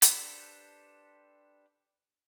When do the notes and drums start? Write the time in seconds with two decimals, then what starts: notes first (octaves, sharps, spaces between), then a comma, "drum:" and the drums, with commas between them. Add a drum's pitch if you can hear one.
0.02 D4 G4 A4 B4 C5, drum: hi-hat